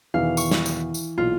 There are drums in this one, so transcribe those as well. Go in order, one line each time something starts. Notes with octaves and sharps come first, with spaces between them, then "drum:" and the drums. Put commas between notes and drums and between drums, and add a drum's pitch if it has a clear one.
E2 B2 D#3 E3 F5
C#6, drum: tambourine
drum: snare
drum: tambourine
drum: tambourine
B1 A#2 F4